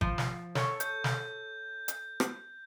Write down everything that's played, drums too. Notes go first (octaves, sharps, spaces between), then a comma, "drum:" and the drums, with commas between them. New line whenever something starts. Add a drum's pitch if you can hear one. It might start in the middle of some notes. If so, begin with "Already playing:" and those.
F3, drum: kick G#1
drum: snare
A4 C#5, drum: snare
G6, drum: hi-hat
drum: snare
drum: hi-hat
drum: rim click